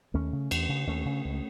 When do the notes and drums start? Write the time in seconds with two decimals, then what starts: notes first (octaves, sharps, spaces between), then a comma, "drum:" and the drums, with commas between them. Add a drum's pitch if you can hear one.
0.14 D#2 A3 C#4
0.33 C#3
0.51 E2, drum: cymbal
0.69 C#3
0.87 D#2 A3 C#4
1.05 C#3
1.25 C#2